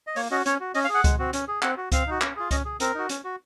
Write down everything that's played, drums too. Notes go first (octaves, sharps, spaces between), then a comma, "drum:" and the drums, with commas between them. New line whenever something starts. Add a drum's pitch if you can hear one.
D#5
A#3 C#5, drum: open hi-hat
C#4 F#4 D#5
C#4 C#5, drum: hi-hat
F#4
C#4 D#5, drum: open hi-hat
F5
G#4
F#5
G#3, drum: kick C#2, hi-hat
C4 F#4
C#4, drum: hi-hat
G#4
C4 F#5, drum: clap
F#4
C4 F5, drum: kick C#2, hi-hat
D#4 F#4
C#4, drum: clap
F4 G#4
C#4 D#5, drum: kick C#2, hi-hat
G#4
C4 A#4, drum: hi-hat
D#4 F#4
C#4, drum: hi-hat
F#4